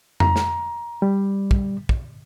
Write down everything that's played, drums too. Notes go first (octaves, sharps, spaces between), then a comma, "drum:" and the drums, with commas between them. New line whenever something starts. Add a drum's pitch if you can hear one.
A#5, drum: tom F2
drum: snare
G3
drum: kick
drum: kick